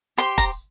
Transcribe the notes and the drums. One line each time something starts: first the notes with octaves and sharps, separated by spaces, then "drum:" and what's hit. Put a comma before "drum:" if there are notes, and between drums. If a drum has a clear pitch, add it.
G4 C5 C6
A#5, drum: kick, hi-hat